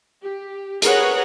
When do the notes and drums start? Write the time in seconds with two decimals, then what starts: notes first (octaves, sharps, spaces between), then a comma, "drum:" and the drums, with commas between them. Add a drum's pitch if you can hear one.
0.22 G4
0.82 G#4 A#4 B4 C#5 F#5, drum: hi-hat